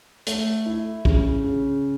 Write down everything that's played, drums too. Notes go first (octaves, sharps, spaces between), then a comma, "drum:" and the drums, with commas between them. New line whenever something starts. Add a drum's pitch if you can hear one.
A3, drum: hi-hat
E4
C#3, drum: kick
C#3